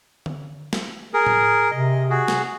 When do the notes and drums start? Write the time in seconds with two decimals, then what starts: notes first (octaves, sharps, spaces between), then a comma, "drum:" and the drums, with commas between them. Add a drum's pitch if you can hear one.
0.26 drum: tom
0.73 drum: snare
1.14 G#4 A#4
1.27 drum: tom A2
1.71 C3 D#5
2.10 F#4 G#4
2.28 drum: snare